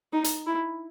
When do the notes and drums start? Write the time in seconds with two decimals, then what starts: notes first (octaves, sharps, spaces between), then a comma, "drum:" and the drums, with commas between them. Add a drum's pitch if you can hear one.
0.13 D#4
0.24 drum: hi-hat
0.46 E4